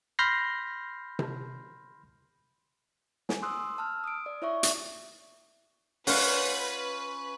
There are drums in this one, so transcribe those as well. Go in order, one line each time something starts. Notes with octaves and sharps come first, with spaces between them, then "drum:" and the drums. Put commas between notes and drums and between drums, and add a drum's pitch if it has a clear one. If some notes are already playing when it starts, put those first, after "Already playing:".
B5 C6 F6 G6 A#6 C7
drum: tom C3
G#5, drum: snare
C6 D#6 E6 F#6
A5 E6 F6
D#6 D7
D5
E4 C#5 D5 E5 C#6
drum: hi-hat
C#4 F4 B4 F#5, drum: open hi-hat